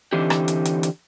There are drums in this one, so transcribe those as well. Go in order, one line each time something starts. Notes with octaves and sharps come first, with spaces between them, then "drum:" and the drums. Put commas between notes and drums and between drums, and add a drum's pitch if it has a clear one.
D3 E3 C4 D#4 G4
drum: rim click
drum: hi-hat
drum: hi-hat
drum: hi-hat